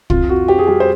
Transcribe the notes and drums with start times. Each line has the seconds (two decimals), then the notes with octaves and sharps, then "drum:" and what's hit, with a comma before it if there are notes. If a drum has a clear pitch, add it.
0.10 F2 F4, drum: kick
0.29 F2 F#4
0.48 C4 G4
0.59 G#4
0.68 G3 G4
0.80 C5